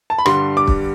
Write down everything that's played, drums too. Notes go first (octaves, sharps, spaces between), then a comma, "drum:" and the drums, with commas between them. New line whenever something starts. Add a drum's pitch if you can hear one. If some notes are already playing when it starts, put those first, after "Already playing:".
A5
B5
G2 D3 G3 C6, drum: rim click
D6
drum: kick